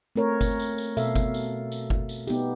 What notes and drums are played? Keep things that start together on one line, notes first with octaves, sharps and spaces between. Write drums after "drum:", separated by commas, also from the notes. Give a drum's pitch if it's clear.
A3 C4 A#4 C#5
drum: kick G1, tambourine
drum: tambourine
drum: tambourine
B2 A4 E5 F5, drum: tambourine
drum: kick G1, tambourine
drum: tambourine
drum: tambourine
drum: kick G1
drum: tambourine
B3 D#4 G4, drum: tambourine